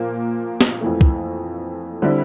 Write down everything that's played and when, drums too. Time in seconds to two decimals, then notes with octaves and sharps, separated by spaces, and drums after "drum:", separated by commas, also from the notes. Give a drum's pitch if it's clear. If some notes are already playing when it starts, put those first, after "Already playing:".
Already playing: A#2 F3 A#3
0.61 drum: snare
0.81 F2 E3 A3
1.01 drum: kick
2.02 D3 G3 C4 E4